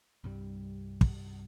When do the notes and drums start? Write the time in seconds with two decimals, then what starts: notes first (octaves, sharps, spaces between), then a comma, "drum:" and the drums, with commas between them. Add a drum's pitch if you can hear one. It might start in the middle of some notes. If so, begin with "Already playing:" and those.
0.24 C2 G2 G3
1.01 drum: kick